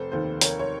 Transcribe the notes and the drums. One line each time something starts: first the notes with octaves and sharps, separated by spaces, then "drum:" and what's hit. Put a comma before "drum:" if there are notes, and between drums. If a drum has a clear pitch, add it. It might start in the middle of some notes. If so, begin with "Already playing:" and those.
Already playing: F1 A4 C5
D#2 D#3 A4 C5
F1 A#4 C#5, drum: hi-hat
C#5